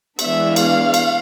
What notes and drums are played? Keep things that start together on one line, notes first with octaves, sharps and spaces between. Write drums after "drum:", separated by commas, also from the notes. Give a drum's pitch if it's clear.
E3 G#3 B3 D4 E5, drum: cymbal
F5, drum: cymbal
drum: cymbal